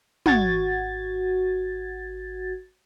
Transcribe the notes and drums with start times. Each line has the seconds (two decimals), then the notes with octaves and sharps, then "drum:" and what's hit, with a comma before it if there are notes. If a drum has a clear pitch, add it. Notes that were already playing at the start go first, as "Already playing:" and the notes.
0.26 G#1 F#4 G#6 A6, drum: tom